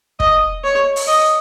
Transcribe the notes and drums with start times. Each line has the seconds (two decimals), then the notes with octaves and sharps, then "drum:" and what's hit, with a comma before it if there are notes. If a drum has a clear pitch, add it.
0.20 D#5, drum: kick
0.64 C#5
0.96 drum: open hi-hat
1.07 D#5